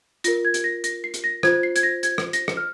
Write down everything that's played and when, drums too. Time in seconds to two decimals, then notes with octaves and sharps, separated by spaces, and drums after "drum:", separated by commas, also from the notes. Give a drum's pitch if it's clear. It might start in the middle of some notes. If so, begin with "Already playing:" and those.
0.24 F4 A#4 A#6, drum: hi-hat
0.45 G#6
0.54 drum: hi-hat
0.64 A#6
0.84 A#6, drum: hi-hat
1.04 C7
1.14 drum: hi-hat
1.24 A#6
1.43 F4 C5 G#6, drum: rim click
1.63 C7
1.76 G#6, drum: hi-hat
1.83 A#6
2.03 G#6, drum: hi-hat
2.18 drum: rim click
2.33 A#6, drum: hi-hat
2.48 drum: rim click
2.57 F6